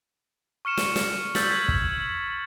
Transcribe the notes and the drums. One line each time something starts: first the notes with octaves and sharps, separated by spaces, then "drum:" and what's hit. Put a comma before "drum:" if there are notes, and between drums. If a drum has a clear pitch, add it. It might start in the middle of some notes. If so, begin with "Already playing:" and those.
C#6 F6 C#7 E7
drum: snare
drum: snare
E6 G6 A6 B6 F#7, drum: snare
G6 G#6 B6
drum: kick